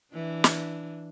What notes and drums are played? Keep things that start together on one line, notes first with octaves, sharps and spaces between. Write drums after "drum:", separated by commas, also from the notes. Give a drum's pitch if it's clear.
E3 D4
drum: snare